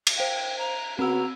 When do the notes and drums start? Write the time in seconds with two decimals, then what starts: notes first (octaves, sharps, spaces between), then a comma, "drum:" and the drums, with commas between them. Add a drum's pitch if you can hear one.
0.07 drum: cymbal
0.18 C5 F5 G5
0.58 A#5
0.99 C#3 B3 C4 F#4 A#5 E6